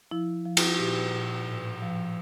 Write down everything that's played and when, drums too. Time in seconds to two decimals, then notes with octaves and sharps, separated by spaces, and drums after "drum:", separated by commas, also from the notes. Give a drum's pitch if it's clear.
0.11 F3 E4
0.46 F3
0.57 E4, drum: cymbal
0.75 F#4
0.79 A#2 G4
1.14 A#2
1.48 A2
1.82 F3